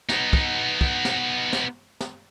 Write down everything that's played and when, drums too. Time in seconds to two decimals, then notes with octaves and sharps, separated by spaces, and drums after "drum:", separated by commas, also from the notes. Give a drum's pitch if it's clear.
0.09 B3 D#4, drum: snare
0.33 drum: kick
0.81 drum: kick
1.05 drum: snare
1.53 drum: snare
2.01 drum: snare